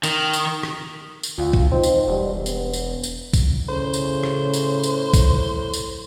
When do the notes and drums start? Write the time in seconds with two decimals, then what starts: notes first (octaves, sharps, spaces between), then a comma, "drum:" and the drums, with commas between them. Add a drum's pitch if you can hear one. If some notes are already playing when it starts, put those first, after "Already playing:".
0.03 D#3, drum: tambourine
0.33 drum: tambourine
0.63 drum: rim click
1.23 drum: tambourine
1.38 D2 F4
1.53 drum: kick
1.72 C4 D#4
1.83 drum: tambourine
2.08 E1 G3
2.46 B3, drum: tambourine
2.73 drum: tambourine
3.03 drum: tambourine
3.33 drum: kick, tambourine
3.69 A2 C#3 C5
3.93 drum: tambourine
4.23 drum: rim click
4.53 drum: tambourine
4.83 drum: tambourine
5.14 drum: kick, tambourine
5.74 drum: tambourine